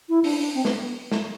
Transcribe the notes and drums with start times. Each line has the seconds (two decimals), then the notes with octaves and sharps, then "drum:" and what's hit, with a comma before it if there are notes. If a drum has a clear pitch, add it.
0.09 E4
0.24 D4, drum: open hi-hat
0.39 D4
0.55 C4
0.65 B3, drum: snare
1.12 drum: snare